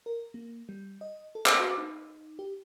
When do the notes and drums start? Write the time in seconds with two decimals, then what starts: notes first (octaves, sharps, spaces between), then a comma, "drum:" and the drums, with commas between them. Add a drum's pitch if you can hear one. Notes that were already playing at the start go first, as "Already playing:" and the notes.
0.06 A#4
0.34 A#3
0.69 G3
1.01 D#5
1.35 A4
1.46 drum: clap
1.60 F#4
1.78 D#4
2.39 G4